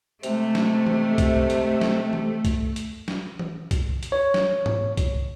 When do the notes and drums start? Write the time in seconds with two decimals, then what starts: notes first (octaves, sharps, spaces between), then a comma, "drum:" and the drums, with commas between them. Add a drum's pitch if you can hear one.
0.23 C3 G#3 A3, drum: hi-hat
0.55 drum: snare
0.87 drum: tom E3
1.18 drum: kick C2, hi-hat
1.50 drum: hi-hat
1.81 drum: snare
2.13 drum: tom E3
2.45 drum: kick C2, hi-hat
2.76 drum: hi-hat
3.08 drum: snare
3.39 drum: tom E3
3.71 drum: kick C2, hi-hat
4.03 drum: hi-hat
4.12 C#5
4.34 drum: snare
4.66 drum: tom G#2
4.97 drum: kick C2, hi-hat